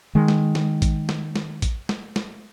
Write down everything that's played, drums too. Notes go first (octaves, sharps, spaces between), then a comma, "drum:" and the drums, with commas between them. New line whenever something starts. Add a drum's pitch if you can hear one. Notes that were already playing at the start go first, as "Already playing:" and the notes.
D#3 G#3
drum: snare
drum: snare
drum: kick, hi-hat
drum: snare
drum: snare
drum: kick, hi-hat
drum: snare
drum: snare